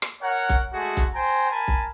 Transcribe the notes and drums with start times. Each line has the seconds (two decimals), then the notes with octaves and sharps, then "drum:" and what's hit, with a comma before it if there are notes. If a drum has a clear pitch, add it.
0.02 drum: rim click
0.22 A#4 C#5 F#5
0.49 drum: kick, hi-hat
0.73 G#3 A3 F#4 G#4
0.97 drum: kick, hi-hat
1.14 C5 G5 G#5 A#5
1.50 A#4 G#5 A5 B5
1.68 drum: kick